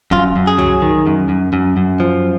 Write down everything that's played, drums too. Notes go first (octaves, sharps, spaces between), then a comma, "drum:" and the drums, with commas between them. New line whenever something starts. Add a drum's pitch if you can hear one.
F#2 F4, drum: kick
F#2
G#4
F#3, drum: tom C2
D#3
F#2
F#2
F#2
F#2
F3